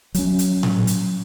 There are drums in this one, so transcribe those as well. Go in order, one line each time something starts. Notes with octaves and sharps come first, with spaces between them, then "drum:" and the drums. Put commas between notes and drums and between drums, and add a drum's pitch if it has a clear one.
F#3 C#4, drum: hi-hat
drum: hi-hat
drum: tom A2
drum: hi-hat